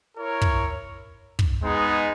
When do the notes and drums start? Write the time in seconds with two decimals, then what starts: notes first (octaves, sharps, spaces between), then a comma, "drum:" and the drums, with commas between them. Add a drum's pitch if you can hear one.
0.17 E4 A#4 C#5
0.42 drum: kick
1.39 drum: kick
1.63 G#3 B3 D#4 G#4